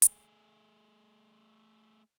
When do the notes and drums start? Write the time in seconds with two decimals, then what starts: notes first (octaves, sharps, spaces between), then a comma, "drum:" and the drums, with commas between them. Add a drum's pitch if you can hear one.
0.02 A3 G#4, drum: hi-hat